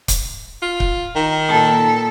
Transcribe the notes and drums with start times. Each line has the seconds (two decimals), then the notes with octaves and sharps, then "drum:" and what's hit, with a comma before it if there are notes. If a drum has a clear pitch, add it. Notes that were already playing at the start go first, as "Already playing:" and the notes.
0.08 drum: kick C#1, hi-hat
0.62 F4
0.80 drum: kick C#1
1.15 D#3
1.49 A#2 A4